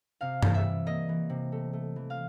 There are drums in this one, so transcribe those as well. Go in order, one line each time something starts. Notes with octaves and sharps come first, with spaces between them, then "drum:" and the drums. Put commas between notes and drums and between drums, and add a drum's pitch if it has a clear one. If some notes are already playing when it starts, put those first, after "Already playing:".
C3 F5
E3, drum: tom G2
E5
G3
A#3 D#5
E3
C3
A3
A3
E3
F5